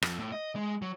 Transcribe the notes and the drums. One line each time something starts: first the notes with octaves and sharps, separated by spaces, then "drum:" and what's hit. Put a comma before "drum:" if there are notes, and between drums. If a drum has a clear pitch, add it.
F2, drum: rim click
A2
D#5
G#3
F#3